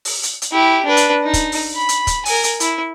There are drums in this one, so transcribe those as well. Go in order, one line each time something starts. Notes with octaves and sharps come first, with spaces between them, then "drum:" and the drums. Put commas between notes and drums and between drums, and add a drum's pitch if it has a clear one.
drum: open hi-hat
drum: hi-hat
drum: hi-hat
E4 G4
D4 B4
drum: hi-hat
D#4
drum: kick, hi-hat
drum: open hi-hat
B5
drum: hi-hat
drum: kick, hi-hat
A#4 G#5, drum: open hi-hat
drum: hi-hat
E4, drum: hi-hat